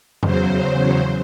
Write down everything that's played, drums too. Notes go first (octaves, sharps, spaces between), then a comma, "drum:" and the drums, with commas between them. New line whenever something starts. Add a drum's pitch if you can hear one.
E2 C#3 F#3 C5, drum: tom F2